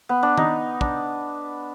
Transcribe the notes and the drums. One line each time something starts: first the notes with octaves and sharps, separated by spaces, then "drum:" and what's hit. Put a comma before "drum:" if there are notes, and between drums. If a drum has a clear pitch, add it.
B3
D4
D#4, drum: tom D#3
D4, drum: kick